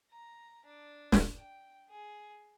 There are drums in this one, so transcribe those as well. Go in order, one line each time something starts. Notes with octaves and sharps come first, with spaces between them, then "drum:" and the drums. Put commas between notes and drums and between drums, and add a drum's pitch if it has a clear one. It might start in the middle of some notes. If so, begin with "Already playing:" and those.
A#5
D4
drum: snare
G5
G#4